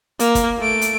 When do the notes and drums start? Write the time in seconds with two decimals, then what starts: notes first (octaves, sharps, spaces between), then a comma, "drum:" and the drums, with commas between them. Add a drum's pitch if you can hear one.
0.20 A#3, drum: hi-hat
0.35 drum: kick G1, hi-hat
0.59 A3 D7
0.81 drum: hi-hat